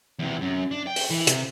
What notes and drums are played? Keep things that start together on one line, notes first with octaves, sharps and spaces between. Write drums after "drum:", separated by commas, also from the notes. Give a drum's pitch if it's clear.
E2 C3
F#2
D4
G5
drum: open hi-hat
E3
C3, drum: hi-hat